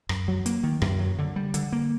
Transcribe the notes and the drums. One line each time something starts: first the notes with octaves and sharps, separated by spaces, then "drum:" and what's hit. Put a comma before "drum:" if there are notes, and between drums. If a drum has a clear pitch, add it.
F#2, drum: rim click
F#3
A#3, drum: hi-hat
D#3
F#2, drum: rim click
F#3
D3
G3
D3, drum: hi-hat
A#3